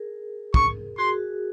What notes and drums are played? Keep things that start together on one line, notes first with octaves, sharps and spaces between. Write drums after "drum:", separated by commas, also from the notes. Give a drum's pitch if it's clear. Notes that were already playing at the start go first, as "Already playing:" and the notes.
Already playing: G#4 A#4
C#6, drum: kick
F#4 G#4 C6